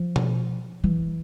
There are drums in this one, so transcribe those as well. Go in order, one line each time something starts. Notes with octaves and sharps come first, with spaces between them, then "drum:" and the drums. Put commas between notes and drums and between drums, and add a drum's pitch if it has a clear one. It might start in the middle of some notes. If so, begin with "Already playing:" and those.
Already playing: F3
drum: tom B2
E3